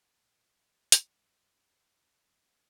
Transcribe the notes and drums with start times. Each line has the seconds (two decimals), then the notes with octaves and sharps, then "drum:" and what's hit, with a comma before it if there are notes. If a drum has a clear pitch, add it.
0.18 A2
0.92 drum: hi-hat
1.16 G#2
1.23 F#2
2.29 F#2